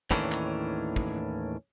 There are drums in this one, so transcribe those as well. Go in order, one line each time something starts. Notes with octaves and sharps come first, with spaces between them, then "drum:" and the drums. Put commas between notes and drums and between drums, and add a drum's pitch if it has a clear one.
D#2 A2 D#3 E3 C#4 D4, drum: kick
drum: clap
drum: kick